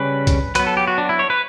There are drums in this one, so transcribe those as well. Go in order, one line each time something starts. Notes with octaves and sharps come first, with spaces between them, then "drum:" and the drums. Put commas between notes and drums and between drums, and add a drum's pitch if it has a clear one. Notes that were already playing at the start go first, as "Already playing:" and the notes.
Already playing: C#3 G3 C#4 B4
drum: kick C2, hi-hat
F#3 B3 B4, drum: hi-hat
A4
G4
F#4
D4
E4
C#5
B4